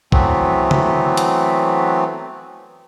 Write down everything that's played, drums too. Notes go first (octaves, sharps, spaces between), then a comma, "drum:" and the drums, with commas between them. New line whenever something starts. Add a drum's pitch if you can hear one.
E3 F#3 A3 B3 C4, drum: kick
drum: tom C#3
drum: hi-hat